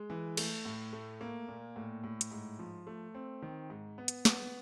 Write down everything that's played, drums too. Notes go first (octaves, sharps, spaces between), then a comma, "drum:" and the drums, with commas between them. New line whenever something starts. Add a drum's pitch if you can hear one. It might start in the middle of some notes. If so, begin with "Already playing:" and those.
Already playing: G#3
E3
A3, drum: cymbal
A2
A3
A#3
A#2
A2
A2
drum: hi-hat
G#2
F3
A3
C4
D#3
G#2
B3
drum: hi-hat
B3, drum: snare